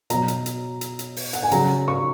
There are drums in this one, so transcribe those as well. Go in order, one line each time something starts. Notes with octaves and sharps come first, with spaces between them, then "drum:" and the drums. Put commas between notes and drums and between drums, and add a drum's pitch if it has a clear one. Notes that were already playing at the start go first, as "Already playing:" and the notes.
B2 F#3 A#5, drum: hi-hat
drum: hi-hat
drum: hi-hat
drum: hi-hat
drum: hi-hat
drum: open hi-hat
F#5, drum: hi-hat
G#5
C#3 F#3 A#5, drum: hi-hat
C#6